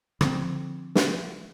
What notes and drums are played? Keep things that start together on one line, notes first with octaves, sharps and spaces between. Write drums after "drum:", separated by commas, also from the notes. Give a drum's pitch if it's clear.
D3 F3 C4, drum: rim click
drum: snare